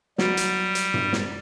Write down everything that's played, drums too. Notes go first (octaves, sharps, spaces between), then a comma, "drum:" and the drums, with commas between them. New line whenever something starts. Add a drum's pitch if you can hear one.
F#3 G3, drum: snare
drum: hi-hat
drum: hi-hat
drum: tom G2
drum: snare